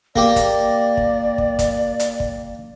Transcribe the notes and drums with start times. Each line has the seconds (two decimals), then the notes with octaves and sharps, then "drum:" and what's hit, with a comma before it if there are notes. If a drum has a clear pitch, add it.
0.16 A#3 G4 D5, drum: kick
0.36 drum: kick, hi-hat
0.97 drum: kick
1.38 drum: kick
1.59 drum: kick, hi-hat
2.00 drum: hi-hat
2.20 drum: kick